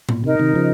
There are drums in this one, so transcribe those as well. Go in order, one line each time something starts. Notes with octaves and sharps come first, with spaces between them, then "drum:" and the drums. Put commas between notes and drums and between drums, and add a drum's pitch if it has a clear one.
A#2, drum: tom A2
C3 D#4 A#4 D#5
C3 D#3
C#3 F3